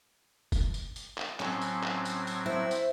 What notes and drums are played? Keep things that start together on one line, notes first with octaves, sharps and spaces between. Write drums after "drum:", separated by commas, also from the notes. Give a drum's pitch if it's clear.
drum: kick, tambourine
drum: tambourine
drum: tambourine
drum: clap
A2 F#3 C4 C#4, drum: clap
drum: tambourine
drum: clap
drum: tambourine
drum: tambourine
E4 C5
drum: tambourine